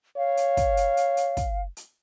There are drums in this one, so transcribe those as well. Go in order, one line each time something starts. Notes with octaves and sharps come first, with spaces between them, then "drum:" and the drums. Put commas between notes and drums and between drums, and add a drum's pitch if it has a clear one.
C#5 F5
drum: hi-hat
drum: kick, hi-hat
drum: hi-hat
drum: hi-hat
drum: hi-hat
drum: kick, hi-hat
drum: hi-hat